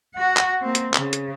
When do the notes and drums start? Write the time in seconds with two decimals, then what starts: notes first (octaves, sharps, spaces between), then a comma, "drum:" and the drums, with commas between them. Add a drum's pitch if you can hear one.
0.15 F#4 F#5
0.37 drum: clap
0.61 A#3 C4
0.75 drum: hi-hat
0.94 C#3, drum: clap
1.13 drum: hi-hat